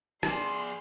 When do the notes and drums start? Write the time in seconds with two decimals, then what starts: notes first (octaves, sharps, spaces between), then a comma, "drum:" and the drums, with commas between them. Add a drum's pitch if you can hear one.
0.23 G#4 D5 C6, drum: rim click